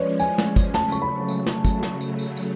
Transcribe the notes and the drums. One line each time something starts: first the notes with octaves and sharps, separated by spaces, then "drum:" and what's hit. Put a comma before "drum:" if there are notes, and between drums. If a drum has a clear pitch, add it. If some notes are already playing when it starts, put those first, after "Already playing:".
Already playing: F3 G#3 C#4 B4 C#5 D5
G#5, drum: tambourine
drum: snare
drum: kick, tambourine
C#3 F#3 A3 A5, drum: snare
C#6, drum: tambourine
B5
drum: tambourine
drum: snare
drum: kick, tambourine
drum: snare
drum: tambourine
drum: tambourine
drum: tambourine